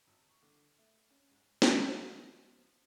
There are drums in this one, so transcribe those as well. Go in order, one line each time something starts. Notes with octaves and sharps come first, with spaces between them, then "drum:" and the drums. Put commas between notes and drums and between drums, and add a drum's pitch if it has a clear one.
G#1
C#6
D3
A3
C#4
G#2
drum: snare
A4
E5
F3